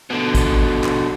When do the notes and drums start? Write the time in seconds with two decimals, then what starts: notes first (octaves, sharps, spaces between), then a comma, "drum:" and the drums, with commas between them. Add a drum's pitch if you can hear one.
0.10 B2 D3
0.35 drum: kick G#1, hi-hat
0.84 drum: clap